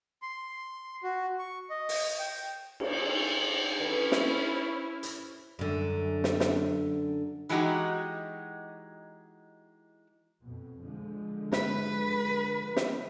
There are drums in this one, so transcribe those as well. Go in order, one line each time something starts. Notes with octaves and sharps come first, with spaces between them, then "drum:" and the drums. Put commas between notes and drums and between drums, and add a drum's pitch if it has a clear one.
C6
F#4
C#6
D#5
drum: open hi-hat
G5
drum: cymbal
C#4 E4 G4 A4 B4 C5
drum: snare
drum: hi-hat
F#2 D3
drum: snare
drum: snare
E3 G#3 D#4 F#4 G4
F2 B2
D3 F3 G#3
B4, drum: snare
drum: snare